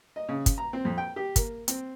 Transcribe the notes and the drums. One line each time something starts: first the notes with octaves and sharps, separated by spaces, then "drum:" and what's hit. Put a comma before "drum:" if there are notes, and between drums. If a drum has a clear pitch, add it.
D#5
C#3
drum: kick, hi-hat
A#5
C4
F2
G5
G4
A#3, drum: kick, hi-hat
C4, drum: hi-hat